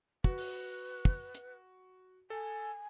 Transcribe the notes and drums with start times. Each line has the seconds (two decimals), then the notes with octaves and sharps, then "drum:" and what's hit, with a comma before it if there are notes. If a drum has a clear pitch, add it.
0.24 F#4 B4, drum: kick
0.38 drum: open hi-hat
1.05 drum: kick
1.35 drum: hi-hat
2.30 A4 G#5